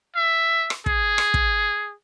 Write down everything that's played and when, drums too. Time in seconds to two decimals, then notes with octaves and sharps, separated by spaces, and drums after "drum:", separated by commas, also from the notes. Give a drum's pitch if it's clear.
0.16 E5
0.70 drum: rim click
0.86 G#4, drum: kick
1.18 drum: rim click
1.34 drum: kick